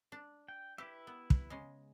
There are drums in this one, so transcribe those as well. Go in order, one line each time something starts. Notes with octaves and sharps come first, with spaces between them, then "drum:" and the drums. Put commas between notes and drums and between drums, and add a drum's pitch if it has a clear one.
D4
G5
E4 G4 B4 E5
B3
drum: kick
C#3 G#3